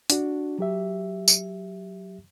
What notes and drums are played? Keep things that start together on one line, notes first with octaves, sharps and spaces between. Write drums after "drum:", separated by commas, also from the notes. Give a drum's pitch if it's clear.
D4 F#4, drum: hi-hat
F#3 G4 E5
drum: tambourine